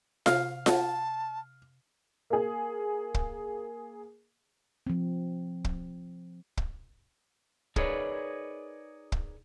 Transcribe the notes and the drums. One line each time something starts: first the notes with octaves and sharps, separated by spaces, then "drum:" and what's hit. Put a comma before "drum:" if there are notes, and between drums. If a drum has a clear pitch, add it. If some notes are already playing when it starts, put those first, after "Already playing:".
C3 F5, drum: snare F4
F#5 A5, drum: snare F4
A#3 G#4
drum: kick
F3 C4
drum: kick
drum: kick
D#4 G#4 A#4 B4 C#5 D5, drum: kick
drum: kick